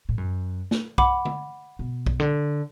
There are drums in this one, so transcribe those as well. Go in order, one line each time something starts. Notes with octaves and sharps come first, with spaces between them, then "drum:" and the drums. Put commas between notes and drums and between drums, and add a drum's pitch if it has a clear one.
A2
F#2
drum: snare
F#5 B5 D6, drum: kick
drum: tom D3
B2
drum: kick
D3